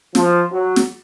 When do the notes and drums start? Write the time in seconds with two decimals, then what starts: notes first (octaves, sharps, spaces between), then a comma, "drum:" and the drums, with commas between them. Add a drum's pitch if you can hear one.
0.15 F3, drum: snare
0.51 F#3
0.76 drum: snare